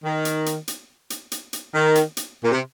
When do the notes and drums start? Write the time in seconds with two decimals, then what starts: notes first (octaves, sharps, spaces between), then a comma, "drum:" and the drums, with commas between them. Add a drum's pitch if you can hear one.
0.04 D#3
0.25 drum: hi-hat
0.46 drum: hi-hat
0.68 drum: hi-hat
1.10 drum: hi-hat
1.32 drum: hi-hat
1.53 drum: hi-hat
1.74 D#3
1.95 drum: hi-hat
2.17 drum: hi-hat
2.44 A#2
2.52 C3